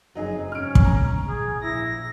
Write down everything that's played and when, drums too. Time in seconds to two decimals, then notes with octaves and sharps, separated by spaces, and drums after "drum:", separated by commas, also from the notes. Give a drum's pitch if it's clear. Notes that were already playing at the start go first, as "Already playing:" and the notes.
0.15 F#1 F2 F#3 D#4 G#4
0.52 G#2 C#4 F6 D7
0.75 drum: kick
0.85 A#5
1.27 B2 G#4
1.61 A#1 E4 A#6